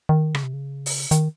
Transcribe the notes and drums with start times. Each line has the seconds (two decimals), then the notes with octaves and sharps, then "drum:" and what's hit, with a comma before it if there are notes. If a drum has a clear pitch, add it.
0.09 D#3
0.35 C#3, drum: rim click
0.43 C3
0.53 C#3
0.86 drum: open hi-hat
1.11 D#3, drum: hi-hat